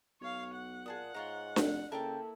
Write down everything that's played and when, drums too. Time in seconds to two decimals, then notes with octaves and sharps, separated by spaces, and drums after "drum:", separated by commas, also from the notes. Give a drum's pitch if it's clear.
0.21 B1 C#5 F5
0.55 F#5
0.86 A#2 G#4 A5 D#6
1.14 G#2 F4 C#5 A#5
1.56 F1, drum: snare D4
1.92 C#3 A#3 E4 A4 A#4 G5 A5